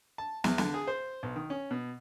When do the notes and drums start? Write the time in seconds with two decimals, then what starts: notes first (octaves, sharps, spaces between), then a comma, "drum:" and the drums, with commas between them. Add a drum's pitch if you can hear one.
0.18 A5
0.44 E2, drum: snare
0.58 D3, drum: snare
0.74 G#4
0.87 C5
1.23 B1
1.36 D#3
1.50 C#4
1.71 B2